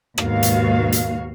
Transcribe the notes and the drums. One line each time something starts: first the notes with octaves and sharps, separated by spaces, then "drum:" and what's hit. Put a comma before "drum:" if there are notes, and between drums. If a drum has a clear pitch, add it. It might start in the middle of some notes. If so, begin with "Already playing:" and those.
D#2 G#2 B2 F#4 F5, drum: rim click
drum: hi-hat
drum: hi-hat